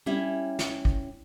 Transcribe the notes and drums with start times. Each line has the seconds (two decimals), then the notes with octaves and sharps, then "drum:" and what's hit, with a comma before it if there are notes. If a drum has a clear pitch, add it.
0.06 G3 C#4 E4
0.59 drum: snare
0.85 drum: kick A1